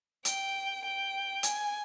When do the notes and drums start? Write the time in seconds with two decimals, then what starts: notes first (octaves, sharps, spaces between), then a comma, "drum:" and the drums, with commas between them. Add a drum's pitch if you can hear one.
0.25 G5, drum: hi-hat
0.85 G5
1.43 G#5, drum: hi-hat